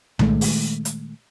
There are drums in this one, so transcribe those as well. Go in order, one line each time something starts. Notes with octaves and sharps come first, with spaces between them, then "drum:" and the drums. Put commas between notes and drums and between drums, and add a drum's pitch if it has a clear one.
A#2 D#3 G#3 A3, drum: tom C2
drum: open hi-hat
drum: hi-hat